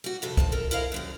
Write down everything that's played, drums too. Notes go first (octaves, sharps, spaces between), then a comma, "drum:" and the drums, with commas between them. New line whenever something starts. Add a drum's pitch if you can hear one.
G3 F#4
F2 C3 A4
A2 F3 A5, drum: kick
A4 A#4
E4 A#4 C5 D#5 F5
F#2 D#3 G3